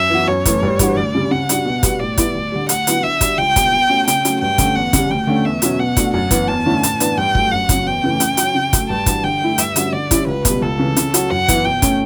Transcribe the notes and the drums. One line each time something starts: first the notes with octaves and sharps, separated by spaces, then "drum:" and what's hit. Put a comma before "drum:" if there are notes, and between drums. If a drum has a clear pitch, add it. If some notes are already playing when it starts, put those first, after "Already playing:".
Already playing: F#2 E5
E3 B3 F#4
F#2 C#5
E3 A3, drum: kick, hi-hat
G2
E3 G3 D4 F#4, drum: kick, hi-hat
D2 D5
C#3 G3
C#3 F#5
G3 D4 F#4, drum: hi-hat
B2
G3 B3 F#4, drum: kick, hi-hat
A2 D5
G3 B3 E4, drum: kick, hi-hat
D2
D3 G3
D2 F#5, drum: hi-hat
D3 F#3 B3 E4, drum: hi-hat
D3 E5
G3 D4 F#4, drum: kick, hi-hat
C#2 G5
B2 G3, drum: kick, hi-hat
B2
A3 C#4 F#4
C#3 G5, drum: hi-hat
F#3 A3 C#4, drum: hi-hat
G2 G5
D3 A3 C#4, drum: kick, hi-hat
E2 F#5
C#3 G3, drum: kick, hi-hat
D2 G5
D3 A3 C#4
E2 E5
B2 F#3 C#4, drum: hi-hat
B2 F#5
A3 D4 F#4, drum: kick, hi-hat
F#2 F#5
E3 B3, drum: kick, hi-hat
E2 A5
D3 A3 C#4 E4
A2, drum: hi-hat
E3 B3 D4, drum: hi-hat
G2 G5
F#3 A3, drum: kick
F#2 F#5
C#3 F#3 C#4, drum: kick, hi-hat
E2 G5
C#3 E3 A3
C#3, drum: hi-hat
F#3, drum: hi-hat
C#4
C#3
F#3 A3, drum: kick, hi-hat
G2 A5
E3 G3 D4 F#4, drum: kick, hi-hat
D3 G5
A3 E4
G2 E5, drum: hi-hat
D3 G3 C#4 F#4, drum: hi-hat
D3 D5
G3 C#4 E4, drum: kick, hi-hat
C#2 B4
B2 G3, drum: kick, hi-hat
C#2 A4
C#3 E3
C#3, drum: hi-hat
F#3 C#4 F#4, drum: hi-hat
F#2 F#5
E3 B3 E4, drum: kick, hi-hat
B2 G5
A3 C#4, drum: kick, hi-hat